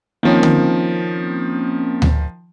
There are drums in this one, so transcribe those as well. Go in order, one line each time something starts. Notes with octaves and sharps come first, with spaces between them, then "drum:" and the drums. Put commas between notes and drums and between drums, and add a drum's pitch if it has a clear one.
D#3 F3 A#3 C4 C#4
drum: tom D3
drum: tom D2